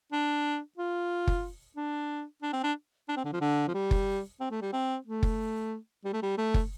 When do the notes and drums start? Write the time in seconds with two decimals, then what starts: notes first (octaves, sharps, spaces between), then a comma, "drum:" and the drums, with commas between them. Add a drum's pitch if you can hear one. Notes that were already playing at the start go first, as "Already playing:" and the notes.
0.12 D4
0.78 F4
1.27 drum: kick F#1
1.77 D4
2.43 D4
2.53 C4
2.64 D4
3.09 D4
3.17 C4
3.25 D3
3.33 F3
3.41 D3
3.68 F3
3.74 G3
3.91 drum: kick F#1
4.40 C4
4.51 A3
4.62 G3
4.73 C4
5.07 A3
5.23 drum: kick F#1
6.05 G3
6.13 A3
6.23 G3
6.38 A3
6.54 drum: kick F#1